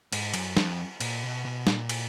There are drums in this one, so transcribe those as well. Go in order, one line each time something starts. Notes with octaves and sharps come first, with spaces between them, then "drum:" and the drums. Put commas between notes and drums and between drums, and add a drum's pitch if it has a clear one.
G#2, drum: cymbal
F#2, drum: cymbal
F2, drum: snare
A#2, drum: cymbal
B2
B2
A#2, drum: snare
drum: cymbal